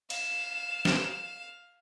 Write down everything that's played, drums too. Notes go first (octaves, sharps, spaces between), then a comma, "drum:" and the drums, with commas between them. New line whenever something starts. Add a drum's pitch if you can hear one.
F5 E7, drum: cymbal
drum: snare